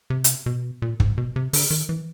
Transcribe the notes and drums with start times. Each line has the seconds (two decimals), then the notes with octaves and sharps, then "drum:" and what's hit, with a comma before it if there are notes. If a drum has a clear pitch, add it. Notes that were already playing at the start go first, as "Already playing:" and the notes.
0.10 C3
0.24 drum: hi-hat
0.46 B2
0.82 A#2
1.00 G#2, drum: kick
1.18 B2
1.36 C3
1.53 D3, drum: open hi-hat
1.71 D#3
1.89 E3